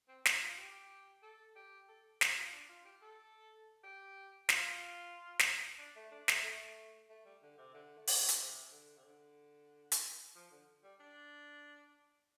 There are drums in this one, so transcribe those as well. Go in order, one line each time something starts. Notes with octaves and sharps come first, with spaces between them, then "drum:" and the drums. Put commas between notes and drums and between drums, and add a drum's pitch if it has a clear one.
C4
D4, drum: snare
F4
G4
A4
G4
A4
G4, drum: snare
F4
D4
F4
G4
A4
G4
F4, drum: snare
drum: snare
D4
A3
D4
A3, drum: snare
A3
A3
G3
D3
C3
D3
A3
G3, drum: open hi-hat
F3
D3, drum: hi-hat
C3
D3
C3
D3
drum: hi-hat
F3
D3
G3
D4